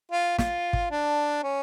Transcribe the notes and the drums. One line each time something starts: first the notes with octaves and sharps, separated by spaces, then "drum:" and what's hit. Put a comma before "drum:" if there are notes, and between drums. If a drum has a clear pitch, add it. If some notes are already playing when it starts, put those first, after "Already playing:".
F4
F4, drum: snare
drum: kick
D4
C#4